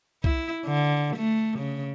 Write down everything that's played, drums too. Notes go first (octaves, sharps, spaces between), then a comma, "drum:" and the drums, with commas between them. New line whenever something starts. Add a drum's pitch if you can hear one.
E4, drum: kick C2
D3
A3
C#3